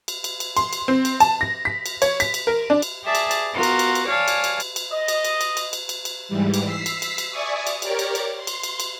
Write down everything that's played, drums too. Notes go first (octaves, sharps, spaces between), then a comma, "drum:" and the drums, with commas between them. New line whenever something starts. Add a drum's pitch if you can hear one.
drum: cymbal
drum: cymbal
drum: cymbal
C6, drum: cymbal
drum: cymbal
C4
drum: cymbal
A5, drum: cymbal
A#6
B6
drum: cymbal
C#5, drum: cymbal
B6, drum: cymbal
drum: cymbal
A#4
D4
drum: cymbal
G#4 D5 E5 A5
drum: cymbal
drum: cymbal
B3 F4 F#4 A#4
drum: cymbal
drum: cymbal
drum: cymbal
C#5 D5 F5 G#5 A5
drum: cymbal
drum: cymbal
drum: cymbal
drum: cymbal
D#5
drum: cymbal
drum: cymbal
drum: cymbal
drum: cymbal
drum: cymbal
drum: cymbal
drum: cymbal
G#2 E3 G3
drum: cymbal
E6 B6 C7
drum: cymbal
drum: cymbal
drum: cymbal
D5 E5 G#5 C#6 D#6
drum: cymbal
G4 A#4 C#5 D5, drum: cymbal
drum: cymbal
drum: cymbal
C6
drum: cymbal
drum: cymbal
drum: cymbal